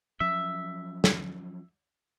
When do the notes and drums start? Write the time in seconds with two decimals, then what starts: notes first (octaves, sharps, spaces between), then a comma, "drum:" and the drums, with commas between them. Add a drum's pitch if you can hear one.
0.20 F3 F#3 C#4 E5
1.04 drum: snare